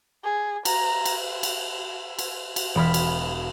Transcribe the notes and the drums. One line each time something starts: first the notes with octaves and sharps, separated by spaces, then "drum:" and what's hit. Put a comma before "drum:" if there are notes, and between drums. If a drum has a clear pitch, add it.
G#4
A#5, drum: cymbal
drum: cymbal
drum: cymbal
drum: cymbal
drum: cymbal
E1 B5 F6
drum: cymbal